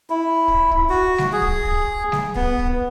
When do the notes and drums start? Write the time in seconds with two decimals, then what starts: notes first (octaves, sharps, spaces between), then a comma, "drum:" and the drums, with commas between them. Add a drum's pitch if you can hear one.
0.10 E4
0.48 drum: kick
0.71 drum: kick
0.89 F#4
1.18 drum: snare G3
1.33 G#4
1.42 drum: kick
1.65 drum: kick
2.12 drum: snare G3
2.35 B3, drum: kick
2.59 drum: kick